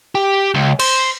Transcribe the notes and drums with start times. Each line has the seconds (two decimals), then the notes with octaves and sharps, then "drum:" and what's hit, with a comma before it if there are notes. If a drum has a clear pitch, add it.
0.15 G4
0.54 C#2
0.80 C5, drum: cymbal